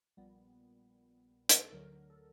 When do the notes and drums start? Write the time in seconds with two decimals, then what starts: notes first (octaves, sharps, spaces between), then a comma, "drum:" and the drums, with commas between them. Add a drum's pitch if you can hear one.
0.17 A#1 A#2 G3 B3
1.49 drum: hi-hat
1.60 A4
1.72 D2 D3 F#3 A#4
2.10 A4